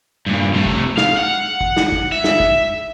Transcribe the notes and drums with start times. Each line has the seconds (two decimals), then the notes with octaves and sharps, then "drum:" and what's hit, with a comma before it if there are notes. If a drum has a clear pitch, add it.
0.26 G2 A#2
0.54 C3 A3
0.66 drum: kick
0.97 F5, drum: snare
1.17 F#5
1.61 drum: kick
1.77 drum: snare
1.92 drum: kick
2.12 E5
2.24 drum: snare
2.40 drum: kick